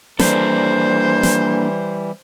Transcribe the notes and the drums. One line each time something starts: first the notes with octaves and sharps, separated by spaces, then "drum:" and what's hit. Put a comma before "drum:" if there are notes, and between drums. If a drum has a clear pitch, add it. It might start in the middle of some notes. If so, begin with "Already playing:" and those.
E3 G3 A#3 D4 A4 C5, drum: snare
drum: snare